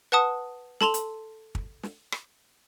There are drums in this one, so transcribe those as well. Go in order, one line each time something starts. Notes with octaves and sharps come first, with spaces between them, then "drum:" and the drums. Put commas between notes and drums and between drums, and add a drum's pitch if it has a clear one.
B4 F#5 A5 D#6
A4 A5 C6 F7, drum: snare
drum: hi-hat
drum: kick
drum: snare
drum: rim click